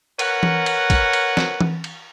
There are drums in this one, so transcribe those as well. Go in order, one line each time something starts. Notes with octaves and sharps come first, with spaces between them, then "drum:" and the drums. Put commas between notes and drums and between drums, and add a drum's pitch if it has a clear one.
A#4 B4 C#5 F#5, drum: cymbal
drum: tom E3
drum: cymbal
drum: kick, cymbal
drum: cymbal
drum: snare
drum: tom E3
drum: cymbal